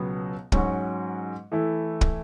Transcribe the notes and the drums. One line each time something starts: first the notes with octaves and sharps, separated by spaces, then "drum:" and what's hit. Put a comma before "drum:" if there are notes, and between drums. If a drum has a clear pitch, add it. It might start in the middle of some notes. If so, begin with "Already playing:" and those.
Already playing: C#2 B2 F#3 B3
G#2 F#3 C#4 F#4, drum: kick
E3 A3 E4
drum: kick